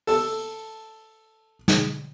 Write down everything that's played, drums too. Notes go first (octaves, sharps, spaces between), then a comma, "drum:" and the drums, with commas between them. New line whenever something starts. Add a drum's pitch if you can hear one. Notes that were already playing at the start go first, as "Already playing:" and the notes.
A4 A5, drum: open hi-hat
drum: snare